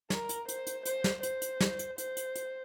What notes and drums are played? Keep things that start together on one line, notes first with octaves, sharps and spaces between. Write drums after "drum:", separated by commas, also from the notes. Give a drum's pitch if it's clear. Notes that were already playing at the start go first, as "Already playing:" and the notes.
A#4, drum: snare
drum: hi-hat
C5, drum: hi-hat
drum: hi-hat
C5, drum: hi-hat
drum: snare
C5, drum: hi-hat
drum: hi-hat
drum: snare
drum: hi-hat
C5, drum: hi-hat
drum: hi-hat
drum: hi-hat